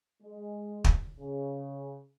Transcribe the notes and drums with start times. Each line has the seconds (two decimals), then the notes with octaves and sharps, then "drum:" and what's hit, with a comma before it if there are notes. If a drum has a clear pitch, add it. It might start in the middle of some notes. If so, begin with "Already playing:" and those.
0.22 G#3
0.84 drum: kick
1.19 C#3